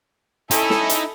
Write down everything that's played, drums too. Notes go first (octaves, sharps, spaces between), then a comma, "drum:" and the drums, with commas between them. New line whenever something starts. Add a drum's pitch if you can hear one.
C#4 D#4 E4 A4, drum: hi-hat
drum: snare
drum: hi-hat